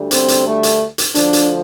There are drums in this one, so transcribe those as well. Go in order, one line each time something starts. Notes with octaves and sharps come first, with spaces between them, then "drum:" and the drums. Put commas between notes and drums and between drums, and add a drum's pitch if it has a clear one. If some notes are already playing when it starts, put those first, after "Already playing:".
Already playing: D2 D3 G3
C4, drum: hi-hat
drum: hi-hat
A3
drum: hi-hat
drum: hi-hat
D2 D3 F3 D4, drum: hi-hat
drum: hi-hat